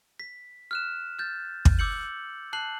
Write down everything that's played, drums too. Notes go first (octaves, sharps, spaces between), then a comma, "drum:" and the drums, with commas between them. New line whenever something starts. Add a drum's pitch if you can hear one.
B6
F6 F#6 E7
F6 G6 A6
drum: kick
D6 E6 G6 C#7 F#7
A5 F#6 C7 F#7